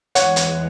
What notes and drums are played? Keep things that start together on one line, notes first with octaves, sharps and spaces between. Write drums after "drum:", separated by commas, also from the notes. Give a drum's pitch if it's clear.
E2 E3 G#3 C#5 F#5, drum: hi-hat
drum: hi-hat